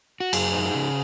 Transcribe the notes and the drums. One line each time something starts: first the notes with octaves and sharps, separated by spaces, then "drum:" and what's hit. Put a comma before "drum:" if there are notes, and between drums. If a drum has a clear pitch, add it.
F#4
F#2 G#4, drum: cymbal
D#4
C#3